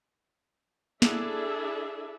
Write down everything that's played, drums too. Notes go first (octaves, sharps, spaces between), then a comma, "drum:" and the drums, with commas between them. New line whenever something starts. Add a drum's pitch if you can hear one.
D4 E4 G#4 A4 E5, drum: snare